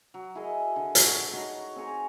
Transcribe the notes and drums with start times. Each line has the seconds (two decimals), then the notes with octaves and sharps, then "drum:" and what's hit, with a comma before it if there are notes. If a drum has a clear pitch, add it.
0.14 F#3
0.35 E4 G#4 A#4 D#5
0.76 D3
0.95 F#4, drum: hi-hat
1.33 D#4 F#4 C#5 A#5
1.76 C4 G#4 C#5 A#5